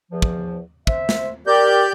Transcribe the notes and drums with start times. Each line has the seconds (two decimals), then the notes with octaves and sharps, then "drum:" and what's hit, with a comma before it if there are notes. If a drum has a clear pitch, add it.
0.11 E2 F3
0.22 drum: kick
0.87 C5 E5, drum: kick
1.09 drum: snare
1.47 G4 A#4 D5 G6